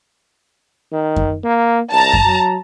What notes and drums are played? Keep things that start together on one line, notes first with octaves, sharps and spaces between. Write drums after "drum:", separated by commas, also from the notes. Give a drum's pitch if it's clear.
D#3
drum: kick F#2
A#3
C2 A5 A#5
drum: kick F#2
F#3